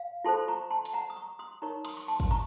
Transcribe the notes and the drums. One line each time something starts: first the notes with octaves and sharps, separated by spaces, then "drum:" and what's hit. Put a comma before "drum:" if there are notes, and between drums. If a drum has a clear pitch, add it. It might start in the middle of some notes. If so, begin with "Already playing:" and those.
Already playing: F5
F4 A4 C5 A5 C6
A#5 C#6
A5 C6
A5, drum: hi-hat
F#5 A#5
D#6
A#5 C#6
C6 D#6
D#4 A#4 C#5 A#5 C#6
C6 D#6, drum: cymbal
C#6
A5 C6
drum: kick
A#5 C#6